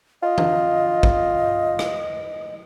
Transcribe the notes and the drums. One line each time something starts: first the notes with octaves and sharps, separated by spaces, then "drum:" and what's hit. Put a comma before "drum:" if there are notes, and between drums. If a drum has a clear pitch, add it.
F4 D#5
drum: tom E3
drum: kick
drum: rim click